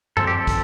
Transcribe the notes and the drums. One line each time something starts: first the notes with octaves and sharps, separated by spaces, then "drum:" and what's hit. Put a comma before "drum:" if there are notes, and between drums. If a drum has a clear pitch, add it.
F3 C4 A4, drum: tom F#2
G4
A4
drum: kick, hi-hat